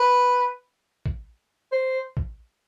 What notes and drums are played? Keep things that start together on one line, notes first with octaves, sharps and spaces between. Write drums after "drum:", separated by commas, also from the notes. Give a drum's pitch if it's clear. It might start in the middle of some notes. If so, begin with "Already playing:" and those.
Already playing: B4
drum: kick A#1
C5
drum: kick A#1